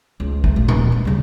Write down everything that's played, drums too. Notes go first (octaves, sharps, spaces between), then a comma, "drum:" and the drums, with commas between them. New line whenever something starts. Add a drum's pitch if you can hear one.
C#2
A3, drum: kick A1
A#2
D#1 F2, drum: tom A#2
G2
C#3 G3